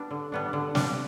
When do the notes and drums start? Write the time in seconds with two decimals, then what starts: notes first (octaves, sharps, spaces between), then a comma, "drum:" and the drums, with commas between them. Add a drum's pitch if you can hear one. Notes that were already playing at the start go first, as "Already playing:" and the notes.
Already playing: G3 B3 D4
0.11 D3
0.32 G3 B3 D4
0.53 D3
0.75 G3 B3 D4, drum: snare